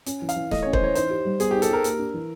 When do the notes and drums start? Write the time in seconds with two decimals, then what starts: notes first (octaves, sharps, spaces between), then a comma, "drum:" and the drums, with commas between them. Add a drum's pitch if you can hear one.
0.06 C#4, drum: hi-hat
0.22 E3
0.29 F5, drum: hi-hat
0.36 E3
0.51 A3 D#5, drum: snare
0.63 C#4 C#5
0.73 C5, drum: kick
0.81 E3 C#5
0.95 D#4 C5, drum: hi-hat
1.10 G4
1.25 G3
1.40 B3 G#4, drum: hi-hat
1.51 D#4 G4
1.62 A4, drum: hi-hat
1.69 G4 A#4
1.84 A#3, drum: hi-hat
1.99 D4
2.14 E3